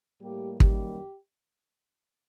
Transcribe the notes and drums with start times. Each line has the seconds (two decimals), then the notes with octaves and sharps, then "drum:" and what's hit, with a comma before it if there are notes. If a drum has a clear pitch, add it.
0.21 A2 G3 A#3 G4
0.60 F#2 D#3 G3 A#3 G4, drum: kick